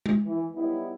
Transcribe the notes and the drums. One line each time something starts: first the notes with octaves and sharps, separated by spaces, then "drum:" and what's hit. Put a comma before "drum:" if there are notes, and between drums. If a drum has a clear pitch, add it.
drum: tom G#3
E3
F#3 G3 B3 D#4 E4